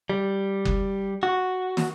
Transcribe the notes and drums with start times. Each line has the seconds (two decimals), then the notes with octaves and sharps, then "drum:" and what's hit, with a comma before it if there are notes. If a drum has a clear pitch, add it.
0.10 G3
0.65 drum: kick F#1
1.23 F#4
1.77 drum: snare